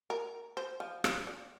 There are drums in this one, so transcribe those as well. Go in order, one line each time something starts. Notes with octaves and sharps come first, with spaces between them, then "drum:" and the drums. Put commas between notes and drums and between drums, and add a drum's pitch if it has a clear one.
A#4
C5
F3
F4, drum: rim click
D5